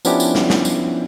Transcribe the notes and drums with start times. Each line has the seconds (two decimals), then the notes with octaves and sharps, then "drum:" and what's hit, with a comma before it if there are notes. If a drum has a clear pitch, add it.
0.05 F3 B3 C#4 D4 E4 G4, drum: tambourine
0.20 drum: tambourine
0.35 drum: snare
0.50 drum: snare
0.65 drum: tambourine